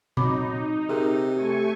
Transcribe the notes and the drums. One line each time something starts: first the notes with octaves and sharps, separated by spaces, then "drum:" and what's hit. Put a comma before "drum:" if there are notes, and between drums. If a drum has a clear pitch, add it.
F#3 C4 D#4 B5 D6, drum: tom A#2
C3 G#4 A#4
A3 G4 G#5 C#6